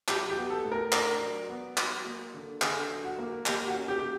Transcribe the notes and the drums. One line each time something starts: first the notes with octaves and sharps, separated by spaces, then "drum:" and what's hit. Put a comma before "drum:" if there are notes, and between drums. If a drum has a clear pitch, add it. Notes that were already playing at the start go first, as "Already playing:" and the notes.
F#3 G4, drum: clap
G4
B3
A4
A2
A#4
D4 A#4, drum: clap
F#3
B3
F#3, drum: clap
A#3
D3
D3 G#4, drum: clap
F#3
F#4
A#3
A#3 G4, drum: clap
F#4
C#4
G4
F#3 G4